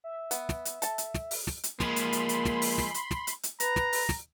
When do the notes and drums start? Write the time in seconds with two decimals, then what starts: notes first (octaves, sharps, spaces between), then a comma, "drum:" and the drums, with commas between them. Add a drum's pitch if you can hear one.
0.04 E5
0.31 B3, drum: hi-hat
0.49 drum: snare
0.65 drum: hi-hat
0.82 A4 A5, drum: hi-hat
0.98 drum: hi-hat
1.14 drum: snare
1.31 drum: open hi-hat
1.47 drum: snare
1.63 drum: hi-hat
1.80 F3 G#3 A#3 B5 C6, drum: snare
1.96 drum: hi-hat
2.13 drum: hi-hat
2.29 drum: hi-hat
2.45 drum: snare
2.62 drum: open hi-hat
2.78 drum: snare
2.94 drum: hi-hat
3.11 drum: snare
3.27 drum: hi-hat
3.43 drum: hi-hat
3.60 B4 A#5, drum: hi-hat
3.76 drum: snare
3.93 drum: open hi-hat
4.09 drum: snare